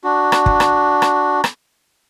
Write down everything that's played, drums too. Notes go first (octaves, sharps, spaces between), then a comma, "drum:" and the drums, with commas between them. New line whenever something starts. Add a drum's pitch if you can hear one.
D4 F#4
drum: rim click
drum: kick
drum: rim click
drum: rim click
drum: rim click